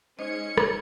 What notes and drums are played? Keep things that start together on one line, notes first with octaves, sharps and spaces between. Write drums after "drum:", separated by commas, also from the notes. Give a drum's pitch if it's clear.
G#3 C#4 D#4 C5 D#5 G#6 C#7
drum: rim click